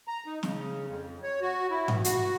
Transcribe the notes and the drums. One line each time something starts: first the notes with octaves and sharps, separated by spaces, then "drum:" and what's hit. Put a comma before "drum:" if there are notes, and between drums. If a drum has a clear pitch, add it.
A#5
D#4
C#3, drum: snare
F2
C#5
F#4
E4
G2, drum: tom G#2
F#4, drum: hi-hat